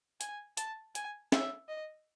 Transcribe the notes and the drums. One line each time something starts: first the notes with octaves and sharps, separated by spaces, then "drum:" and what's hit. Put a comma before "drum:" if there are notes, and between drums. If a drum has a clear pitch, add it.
G#5, drum: hi-hat
A5, drum: hi-hat
G#5, drum: hi-hat
E5, drum: snare
D#5